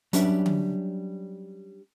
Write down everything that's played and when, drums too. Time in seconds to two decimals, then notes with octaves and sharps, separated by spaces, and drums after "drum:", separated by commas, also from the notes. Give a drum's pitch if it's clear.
0.13 F#3 G3 C#4 D4 B4 E5, drum: hi-hat
0.46 drum: tom D3